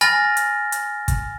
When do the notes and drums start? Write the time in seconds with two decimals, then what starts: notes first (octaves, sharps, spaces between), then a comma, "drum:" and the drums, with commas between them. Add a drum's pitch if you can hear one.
0.01 G#5 B5 F6 A6 A#6, drum: hi-hat
0.37 drum: hi-hat
0.72 drum: hi-hat
1.08 drum: kick, hi-hat